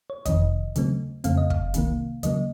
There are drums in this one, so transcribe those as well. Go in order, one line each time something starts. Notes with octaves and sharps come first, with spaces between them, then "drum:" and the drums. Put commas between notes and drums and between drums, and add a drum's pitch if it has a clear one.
C#5
F2 C3 D#3 D#5, drum: kick, hi-hat
D#2 C#3 F#3 A3 C4, drum: hi-hat
F2 C#3 A3 C4 F5, drum: hi-hat
D#5
F5, drum: kick
C2 C3 D#3 A#3, drum: hi-hat
D#2 C#3 F#3 A#3 D#5, drum: hi-hat